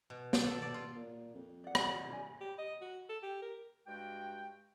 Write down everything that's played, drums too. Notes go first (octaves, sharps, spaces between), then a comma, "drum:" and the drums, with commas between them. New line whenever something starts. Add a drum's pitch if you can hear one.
B2
D5, drum: snare
A4
D5
F4
A#2
F2
D5 F#5
drum: rim click
D4 G#5
G4
D#5
F#4
A4
G4
A#4
G2 G#3 F#4 G5